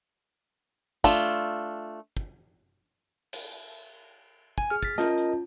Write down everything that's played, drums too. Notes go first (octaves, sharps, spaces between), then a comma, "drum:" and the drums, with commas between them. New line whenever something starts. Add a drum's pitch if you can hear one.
A3 D4 F4, drum: kick
drum: kick
drum: cymbal
G#5, drum: kick
G#4 F6
A6 B6, drum: kick
C#4 F4 A#4 D#5 A5, drum: snare
drum: hi-hat